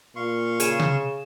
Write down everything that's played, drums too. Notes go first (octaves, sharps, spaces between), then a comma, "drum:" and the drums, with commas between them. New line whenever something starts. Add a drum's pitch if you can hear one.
A#2 F5 C6 C#6
C#3 G#4 E7, drum: hi-hat
drum: tom C3